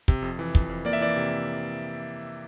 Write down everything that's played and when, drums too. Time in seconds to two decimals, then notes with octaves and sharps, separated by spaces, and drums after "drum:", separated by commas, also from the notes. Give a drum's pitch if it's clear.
0.08 C3, drum: kick
0.22 F2
0.39 E3
0.55 F2, drum: kick
0.69 F2
0.85 A#3 D5
0.93 E5
1.01 E3 D5
1.16 C3